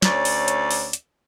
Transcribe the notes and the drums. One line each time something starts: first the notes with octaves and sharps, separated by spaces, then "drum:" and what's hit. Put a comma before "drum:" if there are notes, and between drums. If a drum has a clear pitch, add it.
D2 C#4 C#5 D5, drum: snare
drum: open hi-hat
drum: hi-hat
drum: open hi-hat
drum: hi-hat